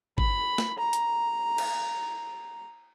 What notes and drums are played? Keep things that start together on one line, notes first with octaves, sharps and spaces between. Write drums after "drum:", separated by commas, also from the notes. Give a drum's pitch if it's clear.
B5, drum: kick G#1
drum: snare
A#5
drum: hi-hat
drum: cymbal